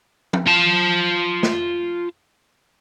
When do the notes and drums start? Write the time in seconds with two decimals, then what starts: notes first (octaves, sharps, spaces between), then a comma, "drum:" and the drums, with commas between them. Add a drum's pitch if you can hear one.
0.33 drum: tom
0.47 F4 A5
1.43 drum: snare